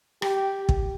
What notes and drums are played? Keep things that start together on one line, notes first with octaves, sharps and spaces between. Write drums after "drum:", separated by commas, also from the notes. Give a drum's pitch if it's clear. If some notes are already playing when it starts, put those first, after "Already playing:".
G4, drum: rim click
drum: kick